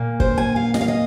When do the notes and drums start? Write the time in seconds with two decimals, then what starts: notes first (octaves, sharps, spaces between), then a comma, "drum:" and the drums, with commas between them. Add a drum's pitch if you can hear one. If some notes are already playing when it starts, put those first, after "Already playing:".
Already playing: A#2 A#3
0.20 C5, drum: kick
0.38 G#5
0.56 F5
0.74 D#5, drum: snare
0.81 F5
0.88 D#5